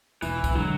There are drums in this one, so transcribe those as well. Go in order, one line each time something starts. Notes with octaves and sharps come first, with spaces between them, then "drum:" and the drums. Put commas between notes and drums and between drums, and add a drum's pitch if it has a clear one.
E1 E3, drum: tambourine
drum: kick, tambourine
D3 F#3 G#3